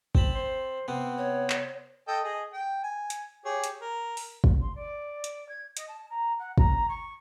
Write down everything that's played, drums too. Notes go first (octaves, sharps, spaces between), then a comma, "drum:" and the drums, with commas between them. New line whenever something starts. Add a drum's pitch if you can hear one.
C4 A5 B5, drum: kick
C5
C3 B3 C4
C#5
drum: clap
A4 D#5 G5
G#4 D#5
G5
G#5
drum: hi-hat
G4 G#4 C#5
drum: hi-hat
A#4
drum: open hi-hat
drum: kick
C6
D5
drum: hi-hat
G#6
D#5, drum: hi-hat
A5
A#5
F#5
A#5, drum: kick
C#6